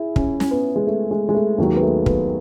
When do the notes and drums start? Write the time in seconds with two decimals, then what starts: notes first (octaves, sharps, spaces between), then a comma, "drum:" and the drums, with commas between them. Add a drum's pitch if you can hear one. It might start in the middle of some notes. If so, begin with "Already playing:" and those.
Already playing: E4 G#4
0.16 C#4, drum: kick
0.40 C#4, drum: snare
0.51 B3
0.76 G#3
0.87 A3
1.11 G#3
1.29 G#3
1.34 A3
1.58 D#2 D#3 F#3 G#3
1.76 B3
1.82 A3
2.06 B3, drum: kick